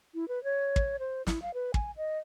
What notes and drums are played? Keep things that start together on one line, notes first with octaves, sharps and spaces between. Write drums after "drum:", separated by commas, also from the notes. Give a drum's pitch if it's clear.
E4
B4
C#5
drum: kick
C5
E4, drum: snare
F5
B4
G#5, drum: kick
D#5